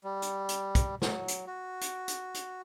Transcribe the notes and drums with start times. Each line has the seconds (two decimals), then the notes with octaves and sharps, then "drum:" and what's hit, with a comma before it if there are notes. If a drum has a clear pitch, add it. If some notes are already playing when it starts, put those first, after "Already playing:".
0.04 G3
0.22 drum: hi-hat
0.49 drum: hi-hat
0.75 drum: kick, hi-hat
1.02 F#3, drum: snare
1.28 drum: hi-hat
1.47 F#4
1.81 drum: hi-hat
2.08 drum: hi-hat
2.34 drum: hi-hat